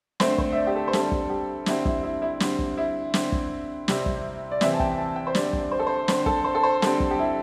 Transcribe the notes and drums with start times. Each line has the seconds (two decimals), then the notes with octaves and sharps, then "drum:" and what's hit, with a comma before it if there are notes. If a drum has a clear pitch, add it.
0.20 D3 A3 C4 C5, drum: snare
0.38 C5, drum: kick
0.52 E5
0.57 D5
0.67 G4
0.75 A4
0.88 C5
0.93 D3 G3 C4 A4, drum: snare
1.12 drum: kick
1.30 G4
1.66 D3 G3 C4 E4, drum: snare
1.85 E4, drum: kick
2.03 E4
2.22 E4
2.40 D3 G3 C4, drum: snare
2.59 drum: kick
2.77 E4
3.14 D3 C4, drum: snare
3.32 drum: kick
3.88 C3 G3 C4, drum: snare
4.06 drum: kick
4.51 D5
4.61 C3 E3 C4 E5, drum: snare
4.74 A5
4.80 G5, drum: kick
4.98 A5
5.16 G5
5.27 C5
5.35 D3 G3 C4 D5, drum: snare
5.53 drum: kick
5.71 C5
5.79 A4
5.87 C5
6.08 D3 C4 C5, drum: snare
6.26 A4, drum: kick
6.44 C5
6.55 A4
6.63 C5
6.82 D3 G3 C4 A4, drum: snare
7.00 drum: kick
7.11 G4
7.19 E4